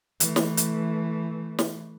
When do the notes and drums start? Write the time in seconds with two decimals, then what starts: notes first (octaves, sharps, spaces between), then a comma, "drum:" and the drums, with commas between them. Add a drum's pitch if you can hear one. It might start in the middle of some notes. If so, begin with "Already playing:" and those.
0.20 E3 A3, drum: hi-hat
0.36 drum: snare
0.57 drum: hi-hat
1.59 drum: snare